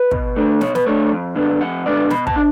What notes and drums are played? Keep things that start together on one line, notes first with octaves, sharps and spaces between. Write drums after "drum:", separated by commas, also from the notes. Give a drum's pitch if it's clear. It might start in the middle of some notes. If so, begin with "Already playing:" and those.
Already playing: B4
B2, drum: kick
A3 D4
B2 C#5, drum: snare
B4, drum: snare
A3 D4 C#5
F2
D3 G#3 B3 D4
F2 F#5
D3 G#3 B3 D4 D5
B2 B5, drum: snare
A5, drum: kick
D4